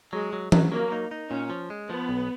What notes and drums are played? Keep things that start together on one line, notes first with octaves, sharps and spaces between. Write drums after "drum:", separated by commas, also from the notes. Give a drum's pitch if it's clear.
F#3 G#3
F#3
F#3, drum: tom E3
F#3 A#3
D#4
D#4
A#2 C#4
F3
G#3
F3 B3
B1